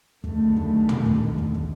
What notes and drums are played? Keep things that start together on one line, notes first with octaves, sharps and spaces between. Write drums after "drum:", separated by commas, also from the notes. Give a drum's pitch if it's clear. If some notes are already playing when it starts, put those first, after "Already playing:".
F#2 D3 D#3 G#3 A3 B3, drum: kick
drum: kick
drum: tom
drum: kick
drum: kick
drum: kick